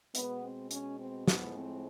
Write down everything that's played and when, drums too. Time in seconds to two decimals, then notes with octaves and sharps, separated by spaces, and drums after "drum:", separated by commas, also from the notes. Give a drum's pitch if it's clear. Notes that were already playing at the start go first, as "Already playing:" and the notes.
0.15 B2 G#3 B3, drum: hi-hat
0.44 C4
0.71 C#4, drum: hi-hat
1.00 C4
1.28 A2 F3 G#3 B3, drum: snare
1.56 C4